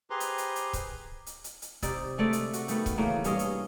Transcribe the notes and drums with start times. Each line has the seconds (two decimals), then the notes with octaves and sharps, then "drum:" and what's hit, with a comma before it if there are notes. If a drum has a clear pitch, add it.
0.10 G4 G#4 B4 C5 A#5 C6
0.20 drum: hi-hat
0.38 drum: hi-hat
0.56 drum: hi-hat
0.73 drum: kick, hi-hat
1.26 drum: hi-hat
1.44 drum: hi-hat
1.62 drum: hi-hat
1.82 C3 D#4 D5 E5, drum: kick, hi-hat
2.18 G#3 A3 D5 E5
2.33 drum: hi-hat
2.53 F#4, drum: hi-hat
2.68 D#3 A3 B3 B4, drum: hi-hat
2.86 drum: kick, hi-hat
2.98 C#3 E3 A3 A#3
3.24 G2 C#4 G#4 D#5, drum: hi-hat
3.39 drum: hi-hat